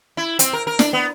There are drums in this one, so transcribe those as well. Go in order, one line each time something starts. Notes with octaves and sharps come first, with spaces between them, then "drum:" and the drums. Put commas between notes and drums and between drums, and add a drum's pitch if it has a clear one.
E4
C4, drum: hi-hat
A#4
A#4
D4, drum: snare
B3